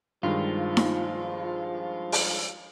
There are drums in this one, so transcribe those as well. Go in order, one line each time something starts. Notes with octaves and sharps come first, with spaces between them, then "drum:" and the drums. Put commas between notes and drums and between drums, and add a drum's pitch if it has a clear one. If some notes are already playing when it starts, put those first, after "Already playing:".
G2 D#3 F3 G#3 F4
drum: snare D#4
drum: open hi-hat